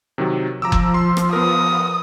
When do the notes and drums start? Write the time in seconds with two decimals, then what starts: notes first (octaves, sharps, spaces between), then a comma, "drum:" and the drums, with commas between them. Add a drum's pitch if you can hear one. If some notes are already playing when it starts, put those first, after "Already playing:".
0.18 C3 D#3 F#3
0.62 F3 A#5 D6 E6
0.72 drum: kick F#1
0.94 C6
1.17 drum: rim click
1.33 B3 A#4 D#6